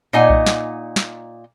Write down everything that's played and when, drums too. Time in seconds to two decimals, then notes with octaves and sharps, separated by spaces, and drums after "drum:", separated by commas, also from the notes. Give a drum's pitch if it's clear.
0.13 A#2 D#4 D#5 F#5 G#5
0.30 drum: kick B1
0.46 drum: snare
0.96 drum: snare